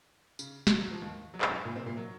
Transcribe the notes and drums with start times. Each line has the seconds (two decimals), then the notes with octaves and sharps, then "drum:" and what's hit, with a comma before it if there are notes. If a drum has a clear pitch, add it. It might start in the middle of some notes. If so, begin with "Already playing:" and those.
0.39 C#3, drum: tambourine
0.67 drum: snare
0.81 F#3
0.91 F3
1.02 D#2 D#3
1.34 F#3
1.41 G#3, drum: clap
1.49 F#2 F#3
1.65 A#2 A#3
1.76 C3 C4
1.86 A#2 A#3
1.97 F#3